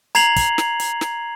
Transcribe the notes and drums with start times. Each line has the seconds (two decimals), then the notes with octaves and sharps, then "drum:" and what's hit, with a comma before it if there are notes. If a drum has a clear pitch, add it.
0.15 A#5 G#6 C7 F7 F#7, drum: hi-hat
0.36 drum: kick, hi-hat
0.58 drum: snare
0.80 drum: hi-hat
1.01 drum: snare